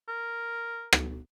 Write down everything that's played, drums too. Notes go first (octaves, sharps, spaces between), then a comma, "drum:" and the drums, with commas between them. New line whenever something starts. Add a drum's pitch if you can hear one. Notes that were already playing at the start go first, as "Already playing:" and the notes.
A#4
drum: rim click